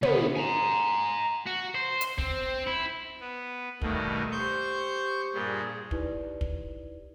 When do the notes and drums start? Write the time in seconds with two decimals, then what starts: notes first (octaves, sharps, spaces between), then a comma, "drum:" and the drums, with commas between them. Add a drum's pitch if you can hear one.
0.03 D2 B3, drum: tom
0.37 G#5 A#5
1.46 F#4
1.75 C5
2.01 drum: hi-hat
2.18 C4, drum: kick
2.67 E4
3.20 B3
3.82 G2 B2 D#3 A3, drum: kick
4.32 G4 C5 C#6 G6
5.34 G2 A#2 G3 G#4
5.91 D#4 E4 G4 B4 D5, drum: kick
6.41 drum: kick